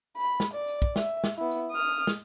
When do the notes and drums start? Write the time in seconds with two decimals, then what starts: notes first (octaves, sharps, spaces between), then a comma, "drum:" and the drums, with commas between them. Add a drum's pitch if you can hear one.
0.17 B5
0.40 drum: snare
0.54 D5
0.68 drum: tambourine
0.82 drum: kick
0.96 E5, drum: snare
1.24 drum: snare
1.37 B3 E4
1.52 drum: tambourine
1.72 D#6 F6
2.07 drum: snare